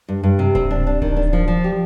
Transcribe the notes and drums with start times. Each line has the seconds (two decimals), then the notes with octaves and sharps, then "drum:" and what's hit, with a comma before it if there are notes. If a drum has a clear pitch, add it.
0.09 G2
0.23 G2
0.39 C3
0.55 C4, drum: kick D1
0.71 D4
0.87 D4
1.02 D#3, drum: kick D1
1.17 D4
1.33 F3
1.48 F3
1.64 G4